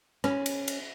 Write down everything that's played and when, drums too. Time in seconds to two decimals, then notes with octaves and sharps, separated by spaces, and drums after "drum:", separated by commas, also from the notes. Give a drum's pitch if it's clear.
0.24 C#4, drum: rim click
0.46 drum: cymbal
0.68 drum: cymbal